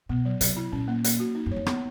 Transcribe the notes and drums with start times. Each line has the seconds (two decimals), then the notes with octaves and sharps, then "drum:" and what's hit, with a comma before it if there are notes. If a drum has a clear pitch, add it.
0.09 B2 B3
0.25 F#3
0.41 C3 F#3, drum: hi-hat
0.57 E4
0.72 A#2 C#4
0.88 A#3
1.04 A#3, drum: hi-hat
1.20 F#4
1.35 D#4
1.46 F#2
1.51 F2 C#5
1.66 B3, drum: rim click